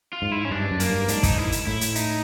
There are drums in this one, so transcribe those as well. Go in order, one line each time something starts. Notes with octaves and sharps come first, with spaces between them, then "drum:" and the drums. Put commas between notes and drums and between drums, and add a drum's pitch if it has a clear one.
F4
G#2
E4
C#4
G2 D4
F#2
A#3, drum: hi-hat
G2
G#2 D4, drum: hi-hat
D#4, drum: kick, hi-hat
E4
drum: hi-hat
A2 E4
drum: hi-hat
D#4, drum: hi-hat